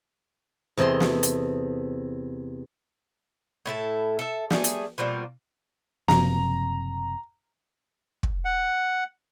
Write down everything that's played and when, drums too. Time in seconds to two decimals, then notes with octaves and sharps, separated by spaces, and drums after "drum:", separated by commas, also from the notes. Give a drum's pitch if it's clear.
0.77 E2 C3 A4 D#5 C6
1.00 drum: snare
1.23 drum: hi-hat
3.66 A2 E4 A4 A5
4.19 A4 E5
4.50 G3 A3 G#4, drum: snare
4.64 drum: hi-hat
4.98 B2 F3 G3 A#3
6.08 F#1 C3 F3 A#5, drum: snare
8.23 drum: kick
8.45 F#5